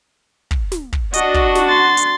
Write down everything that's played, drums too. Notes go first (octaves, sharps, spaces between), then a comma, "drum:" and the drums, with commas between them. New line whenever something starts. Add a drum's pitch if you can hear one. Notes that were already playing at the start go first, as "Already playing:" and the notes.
drum: kick
drum: snare
drum: kick
D4 F#4 D#5, drum: hi-hat
drum: kick
drum: snare
C6 A6
drum: hi-hat